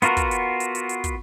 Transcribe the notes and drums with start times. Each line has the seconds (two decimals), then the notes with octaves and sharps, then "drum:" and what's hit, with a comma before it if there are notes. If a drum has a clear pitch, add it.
0.02 B3 F4 F#4 A#4, drum: hi-hat
0.17 drum: kick, hi-hat
0.31 drum: hi-hat
0.60 drum: hi-hat
0.75 drum: hi-hat
0.89 drum: hi-hat
1.04 drum: kick, hi-hat